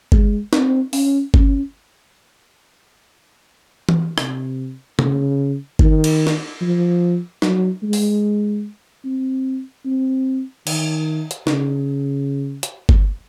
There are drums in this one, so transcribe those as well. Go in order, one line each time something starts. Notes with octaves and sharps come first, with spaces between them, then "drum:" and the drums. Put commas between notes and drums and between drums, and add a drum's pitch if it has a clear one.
G#3, drum: kick G1
C4, drum: snare
C#4, drum: open hi-hat
C#4, drum: kick G1
drum: tom E3
C3, drum: rim click
C#3, drum: tom C3
D#3, drum: kick G1
drum: cymbal
drum: snare
F3
F#3, drum: snare
G#3
drum: open hi-hat
C4
C4
D#3, drum: cymbal
drum: hi-hat
C#3, drum: snare
drum: hi-hat
drum: kick G1